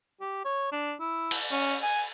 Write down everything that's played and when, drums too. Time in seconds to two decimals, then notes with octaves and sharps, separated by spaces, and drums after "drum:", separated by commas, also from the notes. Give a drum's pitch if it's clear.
0.21 G4
0.45 C#5
0.72 D4
1.00 E4
1.31 drum: cymbal
1.51 C#4
1.82 G#5